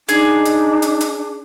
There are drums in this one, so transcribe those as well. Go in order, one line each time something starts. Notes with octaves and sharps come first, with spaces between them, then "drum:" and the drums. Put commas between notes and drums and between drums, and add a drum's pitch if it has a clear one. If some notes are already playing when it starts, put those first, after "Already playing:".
D4 D#4 G#4, drum: hi-hat
drum: hi-hat
drum: hi-hat
drum: hi-hat